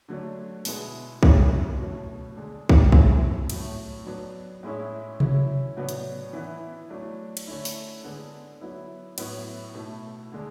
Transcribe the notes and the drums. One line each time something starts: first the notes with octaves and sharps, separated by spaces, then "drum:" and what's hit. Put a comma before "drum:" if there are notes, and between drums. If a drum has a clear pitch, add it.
D3 F#3 A3 D4
B2 G#3 B3 E4, drum: open hi-hat
C#3 G#3 C#4 E4, drum: kick
B2 F#3 A3
D3 G#3 D4
drum: kick
F#3 A3 C#4 E4, drum: kick
A2 F#3 A3, drum: cymbal
F#3 B3 D4
A2 G#3 C#4 E4
F#3 C#4 E4, drum: tom C3
A2 F#3 B3 D4
drum: hi-hat
E3 B3 E4
F#3 A3 D4
drum: cymbal
D3 A3 C#4 E4
drum: open hi-hat
D3 G#3 B3 D4
F#3 B3 E4
A2 F#3 B3 E4, drum: cymbal
B2 A3 E4
D3 G#3 D4